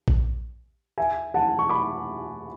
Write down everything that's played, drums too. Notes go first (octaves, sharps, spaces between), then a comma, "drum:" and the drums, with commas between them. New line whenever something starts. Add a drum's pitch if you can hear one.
drum: kick A#1
E5 G#5
F#5 A5
C#6
B5 D6